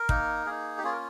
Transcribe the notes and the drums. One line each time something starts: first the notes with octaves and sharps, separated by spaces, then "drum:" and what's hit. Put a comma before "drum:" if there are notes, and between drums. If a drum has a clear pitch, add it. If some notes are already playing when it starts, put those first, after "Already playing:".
Already playing: A#4
A#3 D#4, drum: kick
A#3 D#4 G#4
G4
A#3 C#4 F4 G#4
A#4